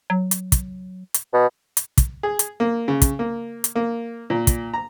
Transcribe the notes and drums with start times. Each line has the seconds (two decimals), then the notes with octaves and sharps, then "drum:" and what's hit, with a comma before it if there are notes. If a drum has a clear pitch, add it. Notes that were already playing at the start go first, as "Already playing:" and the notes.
0.10 F#3
0.31 drum: hi-hat
0.52 drum: kick, hi-hat
1.14 drum: hi-hat
1.34 B2
1.77 drum: hi-hat
1.98 drum: kick, hi-hat
2.23 G#4
2.39 drum: hi-hat
2.60 A#3
2.88 C#3
3.02 drum: kick, hi-hat
3.19 A#3
3.64 drum: hi-hat
3.76 A#3
4.30 A#2
4.47 drum: kick, hi-hat
4.74 A#5